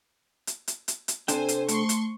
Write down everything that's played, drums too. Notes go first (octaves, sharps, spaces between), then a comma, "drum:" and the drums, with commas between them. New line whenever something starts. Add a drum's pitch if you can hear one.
drum: hi-hat
drum: hi-hat
drum: hi-hat
drum: hi-hat
C3 D4 A4 C5 G5 G#5, drum: hi-hat
drum: hi-hat
A3 C6 C#6, drum: hi-hat
drum: hi-hat